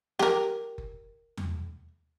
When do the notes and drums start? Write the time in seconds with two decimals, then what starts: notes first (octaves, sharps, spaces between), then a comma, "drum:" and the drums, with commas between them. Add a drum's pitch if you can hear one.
0.19 G4 A#4, drum: snare
0.78 drum: kick F#1
1.37 drum: tom E2